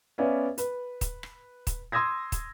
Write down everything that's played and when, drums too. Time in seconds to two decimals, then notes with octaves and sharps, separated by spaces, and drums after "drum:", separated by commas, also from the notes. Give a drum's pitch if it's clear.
0.18 B3 C#4 D5 E5 F5
0.58 B4, drum: hi-hat
1.01 drum: kick, hi-hat
1.23 drum: rim click
1.67 drum: kick, hi-hat
1.92 C6 D#6 E6 G#6 A#6
2.32 drum: kick, hi-hat